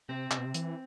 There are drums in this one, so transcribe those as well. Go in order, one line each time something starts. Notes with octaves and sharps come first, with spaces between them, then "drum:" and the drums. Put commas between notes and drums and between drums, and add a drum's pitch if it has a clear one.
C3 C4
C3, drum: clap
B2
C3
E3, drum: hi-hat